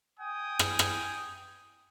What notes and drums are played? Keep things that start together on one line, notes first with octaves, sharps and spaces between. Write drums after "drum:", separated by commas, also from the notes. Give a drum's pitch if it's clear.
G5 G#5 D#6
drum: rim click
drum: rim click